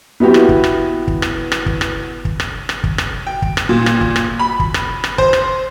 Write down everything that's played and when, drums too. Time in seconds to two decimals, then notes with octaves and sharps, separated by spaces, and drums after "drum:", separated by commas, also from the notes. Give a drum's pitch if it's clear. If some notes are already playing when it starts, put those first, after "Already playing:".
0.20 B3 E4 F#4 G4
0.34 drum: rim click
0.49 drum: kick
0.64 drum: rim click
1.08 drum: kick
1.22 drum: rim click
1.52 drum: rim click
1.66 drum: kick
1.81 drum: rim click
2.25 drum: kick
2.40 drum: rim click
2.69 drum: rim click
2.84 drum: kick
2.98 drum: rim click
3.27 G5
3.42 drum: kick
3.57 drum: rim click
3.69 A#2
3.86 drum: rim click
4.01 drum: kick
4.16 drum: rim click
4.39 B5
4.60 drum: kick
4.74 drum: rim click
5.04 drum: rim click
5.18 C5, drum: kick
5.33 drum: rim click